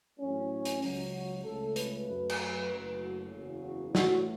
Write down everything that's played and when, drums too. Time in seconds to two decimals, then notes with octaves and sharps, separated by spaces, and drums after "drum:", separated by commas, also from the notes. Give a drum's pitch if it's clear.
0.19 A1 A2 F#3 A3 C#4
0.65 drum: hi-hat
0.82 C#2 C#3 F#3, drum: open hi-hat
1.13 F#4
1.44 C#2 C#3 A3 A4
1.76 B4, drum: hi-hat
2.07 F#2 F#3 A3
2.29 drum: cymbal
2.39 B4
2.70 F#1 F#2 F#3 A3 B4
3.01 F#4
3.32 F#1 E2 C#3 F#3
3.63 F#4
3.95 A1 A2 A3 F#4, drum: snare